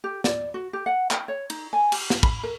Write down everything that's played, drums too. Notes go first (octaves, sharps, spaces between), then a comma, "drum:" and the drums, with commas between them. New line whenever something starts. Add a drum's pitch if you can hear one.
G4
D5, drum: snare
F#4
G4
F#5
G5, drum: clap
C#5
D#4, drum: cymbal
G#5
G4, drum: cymbal
drum: snare
B5, drum: kick
A#4